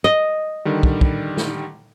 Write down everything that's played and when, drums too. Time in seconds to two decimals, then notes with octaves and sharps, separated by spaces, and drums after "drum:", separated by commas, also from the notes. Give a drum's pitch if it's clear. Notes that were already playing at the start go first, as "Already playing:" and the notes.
0.04 D#5
0.65 D3 D#3 G3
0.83 drum: kick
1.01 drum: kick
1.37 drum: snare